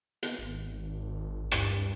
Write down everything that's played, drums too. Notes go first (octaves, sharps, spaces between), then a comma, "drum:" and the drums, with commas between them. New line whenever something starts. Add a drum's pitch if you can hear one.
B3, drum: hi-hat
G#1
G2, drum: rim click